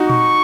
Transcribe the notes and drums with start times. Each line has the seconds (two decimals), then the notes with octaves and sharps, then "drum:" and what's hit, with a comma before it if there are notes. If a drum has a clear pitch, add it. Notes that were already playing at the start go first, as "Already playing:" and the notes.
Already playing: D#4 F#4
0.10 C#6, drum: tom A#2